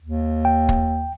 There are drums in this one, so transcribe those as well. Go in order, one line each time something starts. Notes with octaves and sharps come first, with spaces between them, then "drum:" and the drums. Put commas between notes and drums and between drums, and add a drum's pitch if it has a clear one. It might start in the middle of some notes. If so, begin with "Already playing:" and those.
D#2
G5
drum: kick